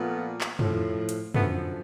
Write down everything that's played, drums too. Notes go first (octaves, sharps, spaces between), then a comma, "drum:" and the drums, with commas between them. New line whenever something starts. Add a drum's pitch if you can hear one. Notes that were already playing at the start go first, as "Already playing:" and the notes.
Already playing: A#2 F3 A3 B3
drum: clap
A2 F3, drum: tom
drum: hi-hat
F#2 D3 F3 A3 B3, drum: tom